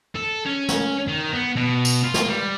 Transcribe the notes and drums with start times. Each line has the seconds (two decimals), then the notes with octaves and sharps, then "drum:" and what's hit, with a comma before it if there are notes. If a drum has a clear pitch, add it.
0.15 A4
0.45 C#4
0.69 drum: snare
1.07 D#3
1.33 B3
1.56 B2
1.85 drum: tambourine
2.04 F4
2.14 drum: snare
2.28 G3